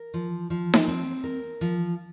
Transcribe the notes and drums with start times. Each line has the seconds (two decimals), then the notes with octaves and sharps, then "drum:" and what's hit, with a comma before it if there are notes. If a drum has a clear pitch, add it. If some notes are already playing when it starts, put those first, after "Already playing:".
Already playing: A#4
0.14 F3
0.50 F3
0.74 drum: snare D#4
0.88 C4
1.24 A#4
1.61 F3